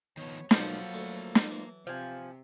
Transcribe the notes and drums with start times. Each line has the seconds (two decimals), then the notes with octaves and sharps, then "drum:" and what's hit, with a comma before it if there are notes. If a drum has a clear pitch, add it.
0.17 D#3 F3 B3 C#5
0.51 F#2 B2 F3 F#3 A#3 A4 F#5, drum: snare
0.94 D2 A3
1.35 drum: snare
1.51 E3
1.87 C3 F3 G#5